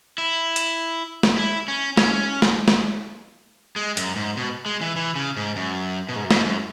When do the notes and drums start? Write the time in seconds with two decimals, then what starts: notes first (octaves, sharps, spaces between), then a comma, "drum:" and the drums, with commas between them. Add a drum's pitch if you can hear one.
0.18 E4
0.56 drum: hi-hat
1.23 drum: snare
1.37 E4
1.68 C#4
1.97 C#4, drum: snare
2.42 drum: snare
2.68 drum: snare
3.76 G#3
3.97 F#2, drum: hi-hat
4.16 G#2
4.37 B2
4.66 G#3
4.81 E3
4.96 E3
5.16 C#3
5.37 G#2
5.56 F#2
6.09 B2
6.16 G#2
6.25 F#2
6.31 G#2, drum: snare
6.45 F#2